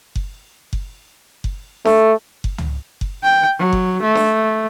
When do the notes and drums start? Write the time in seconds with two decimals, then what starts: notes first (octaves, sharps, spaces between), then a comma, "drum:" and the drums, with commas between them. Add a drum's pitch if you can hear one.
0.16 drum: kick F#1
0.73 drum: kick F#1
1.44 drum: kick F#1
1.85 A3, drum: snare D4
2.44 drum: kick F#1
2.58 drum: tom
3.01 drum: kick F#1
3.23 G5
3.58 F#3
3.73 drum: kick F#1
4.02 A3
4.15 drum: snare D4